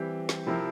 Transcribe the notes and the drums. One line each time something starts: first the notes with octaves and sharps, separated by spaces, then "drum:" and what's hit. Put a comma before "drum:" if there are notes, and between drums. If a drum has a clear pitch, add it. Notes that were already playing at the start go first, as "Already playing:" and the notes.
Already playing: E3 G3 C4 G4
drum: snare
C3 F3 C4 E4 A#4